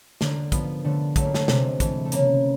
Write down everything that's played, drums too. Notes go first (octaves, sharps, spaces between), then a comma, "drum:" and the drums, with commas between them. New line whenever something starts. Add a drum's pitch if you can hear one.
D3 A#3, drum: snare
F3 B3, drum: kick, hi-hat
D3 A3
F#3 A3, drum: kick, hi-hat
A#3
A3, drum: snare
C3 G#3, drum: snare
E3 A3, drum: kick, hi-hat
A3
C#3 A#3, drum: hi-hat